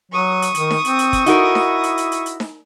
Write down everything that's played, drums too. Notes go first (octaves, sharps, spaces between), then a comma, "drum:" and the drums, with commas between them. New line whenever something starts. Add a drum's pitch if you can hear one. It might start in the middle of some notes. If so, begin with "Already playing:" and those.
F#3 C#6 D#6
drum: hi-hat
D#3, drum: hi-hat
drum: snare D#4
C4, drum: hi-hat
drum: hi-hat
drum: kick, hi-hat
D#4 E4 F#4 A#4, drum: hi-hat
drum: snare D#4
drum: hi-hat
drum: hi-hat
drum: hi-hat
drum: hi-hat
drum: snare D#4